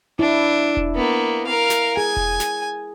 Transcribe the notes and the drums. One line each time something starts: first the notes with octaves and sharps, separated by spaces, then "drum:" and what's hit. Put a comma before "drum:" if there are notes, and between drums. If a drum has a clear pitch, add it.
D4 E4
drum: kick E1
A#3 B3
A#4 F5
drum: snare
G#4 G#5
drum: kick E1
drum: snare